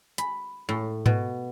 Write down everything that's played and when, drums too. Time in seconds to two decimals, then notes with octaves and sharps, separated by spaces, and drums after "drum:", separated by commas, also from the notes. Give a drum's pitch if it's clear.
0.18 B5, drum: hi-hat
0.69 A2
1.06 B2, drum: tom G#2